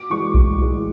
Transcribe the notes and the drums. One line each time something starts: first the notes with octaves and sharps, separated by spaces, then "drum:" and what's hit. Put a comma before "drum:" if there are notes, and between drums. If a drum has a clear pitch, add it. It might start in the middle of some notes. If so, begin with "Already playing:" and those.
Already playing: D6
E3 G#3 C#6
A2, drum: kick B1
E3 G#3